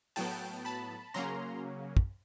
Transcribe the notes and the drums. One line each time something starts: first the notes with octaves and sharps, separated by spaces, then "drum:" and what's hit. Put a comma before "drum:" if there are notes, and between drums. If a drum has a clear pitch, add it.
A2 F#3 B3 G5 A5, drum: open hi-hat
A5 B5
C#3 F#3 A#3 C#4 A#5 C6
drum: kick